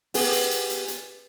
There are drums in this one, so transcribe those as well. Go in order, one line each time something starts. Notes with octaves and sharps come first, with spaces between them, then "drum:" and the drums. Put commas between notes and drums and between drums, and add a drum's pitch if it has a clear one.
B3 G4 G#4, drum: open hi-hat
drum: hi-hat
drum: hi-hat
drum: hi-hat
drum: hi-hat